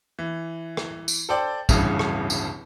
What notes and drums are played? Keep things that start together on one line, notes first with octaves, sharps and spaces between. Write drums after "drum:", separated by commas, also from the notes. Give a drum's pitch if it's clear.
E3
drum: rim click
drum: tambourine
A4 C5 D5 G5
D1 G1 G2 C#3 E3, drum: kick, tambourine
drum: rim click
drum: tambourine